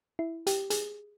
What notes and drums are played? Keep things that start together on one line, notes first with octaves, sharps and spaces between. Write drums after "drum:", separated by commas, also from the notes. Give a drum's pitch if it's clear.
E4
G4, drum: hi-hat
G#4, drum: hi-hat